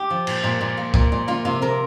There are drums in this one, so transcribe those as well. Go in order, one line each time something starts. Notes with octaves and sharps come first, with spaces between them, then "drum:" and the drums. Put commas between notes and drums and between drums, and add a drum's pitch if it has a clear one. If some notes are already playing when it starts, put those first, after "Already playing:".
Already playing: G4
F3
A#2, drum: cymbal
A#2
A#2
A#3
A#2, drum: kick
A#2
A#3 F4
C3 F4
C3 A#4